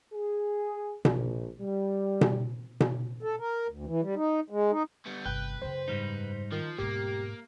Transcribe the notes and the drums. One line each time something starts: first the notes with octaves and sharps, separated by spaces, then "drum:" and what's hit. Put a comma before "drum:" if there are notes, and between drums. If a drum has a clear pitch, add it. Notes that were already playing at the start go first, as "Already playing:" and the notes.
G#4
A#1, drum: tom B2
G3
drum: tom B2
drum: tom B2
A4
A#4
D2
E3
G3
D#4
G#3
D#4
G3 B3
G1 C2 B4 G5 F#6
F#2 C#3 C5
G#2 G3 D#4
D#3 F3
E1 G#2 A#3 B3 G4